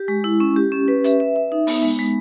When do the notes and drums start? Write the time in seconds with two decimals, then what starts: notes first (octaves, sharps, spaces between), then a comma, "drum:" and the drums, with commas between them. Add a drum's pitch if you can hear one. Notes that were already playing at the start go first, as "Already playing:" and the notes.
Already playing: G4
0.08 G#3
0.24 E4
0.40 C#4
0.56 G4
0.72 C#4
0.88 B4
1.04 E5, drum: hi-hat
1.20 E5
1.36 E5
1.52 D#4
1.67 B3, drum: open hi-hat
1.83 G#3
1.99 G#3